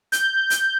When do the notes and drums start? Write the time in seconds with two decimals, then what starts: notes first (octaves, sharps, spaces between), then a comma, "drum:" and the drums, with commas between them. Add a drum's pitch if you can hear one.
0.12 G6, drum: hi-hat
0.50 drum: hi-hat